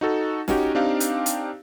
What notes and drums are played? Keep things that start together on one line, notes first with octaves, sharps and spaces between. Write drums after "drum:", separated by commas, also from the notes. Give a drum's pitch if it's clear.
D#4 F#4 A4
C#4 D#4 F#4 G4, drum: snare
C4 D4 D#4 G4 F5
drum: hi-hat
drum: hi-hat